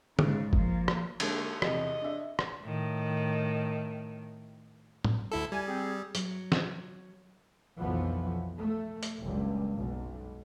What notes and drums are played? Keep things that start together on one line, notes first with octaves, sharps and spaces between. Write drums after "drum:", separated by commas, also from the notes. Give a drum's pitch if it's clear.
G#2 C#3, drum: tom
F3 A#3, drum: kick G1
drum: rim click
D3 G#3 A#3, drum: cymbal
E2 C3 D#5, drum: rim click
D4 E5
drum: rim click
A2 D#3
drum: tom A2
D2 E4 A4
G3 G#5
C4 G#4
F#3, drum: hi-hat
drum: snare
B1 F2 E3 F3 B3
A3
drum: hi-hat
F#1 C#2 G2
B1